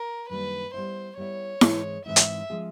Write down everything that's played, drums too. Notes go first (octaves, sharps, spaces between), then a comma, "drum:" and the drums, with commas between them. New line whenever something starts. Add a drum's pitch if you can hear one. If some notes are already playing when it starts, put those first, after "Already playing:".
Already playing: A#4
F#2 D#3 G3 A#3 D4 B4
G3 B3 E4 C5
G3 B3 E4 C#5
G#2 E3 G#3 C4 E4, drum: snare E4
G#2 E3 G#3 C4 E4 E5
drum: hi-hat
F3 G#3 C#4 F4 G#4